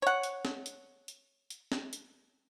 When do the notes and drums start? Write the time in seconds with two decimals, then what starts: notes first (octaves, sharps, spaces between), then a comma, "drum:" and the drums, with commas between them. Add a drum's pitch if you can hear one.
0.02 C#5 F#5
0.23 drum: hi-hat
0.45 drum: snare
0.66 drum: hi-hat
1.08 drum: hi-hat
1.50 drum: hi-hat
1.72 drum: snare
1.93 drum: hi-hat